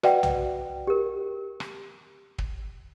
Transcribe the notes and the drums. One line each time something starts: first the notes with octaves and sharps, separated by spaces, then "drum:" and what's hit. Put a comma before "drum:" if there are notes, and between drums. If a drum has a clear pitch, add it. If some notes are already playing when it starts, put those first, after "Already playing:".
F#4 B4 D5 E5 F#5 G5, drum: rim click
drum: tom B1
G4 A#4
drum: rim click
drum: kick